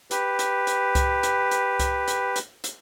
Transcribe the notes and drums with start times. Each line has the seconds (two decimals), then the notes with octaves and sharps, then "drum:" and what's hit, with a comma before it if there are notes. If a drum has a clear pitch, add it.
0.11 G4 B4, drum: hi-hat
0.39 drum: hi-hat
0.67 drum: hi-hat
0.95 drum: kick C2, hi-hat
1.23 drum: hi-hat
1.51 drum: hi-hat
1.80 drum: kick C2, hi-hat
2.08 drum: hi-hat
2.36 drum: hi-hat
2.64 drum: hi-hat